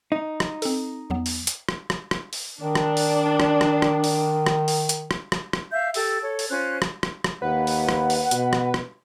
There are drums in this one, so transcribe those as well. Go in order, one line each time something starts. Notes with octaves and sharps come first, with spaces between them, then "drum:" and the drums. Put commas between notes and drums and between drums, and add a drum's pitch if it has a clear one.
D#4
drum: rim click
C4 A4, drum: open hi-hat
E2 F#3 B3
drum: open hi-hat
drum: hi-hat
drum: rim click
drum: rim click
drum: rim click
drum: open hi-hat
D#3 D4
drum: rim click
drum: open hi-hat
drum: rim click
drum: rim click
drum: rim click
drum: open hi-hat
drum: rim click
drum: open hi-hat
drum: hi-hat
drum: rim click
drum: rim click
drum: rim click
E5 F5 G6
G4 A4 E6, drum: open hi-hat
A4 C#5
drum: open hi-hat
C#4 F4 C5 F#6
drum: rim click
drum: rim click
drum: rim click
D#2 B4 F#5
drum: open hi-hat
drum: rim click
drum: open hi-hat
B2, drum: hi-hat
drum: rim click
drum: rim click